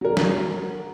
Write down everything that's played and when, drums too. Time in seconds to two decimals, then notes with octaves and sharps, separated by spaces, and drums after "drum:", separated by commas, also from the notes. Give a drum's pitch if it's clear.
0.01 F#3 A#4
0.17 drum: snare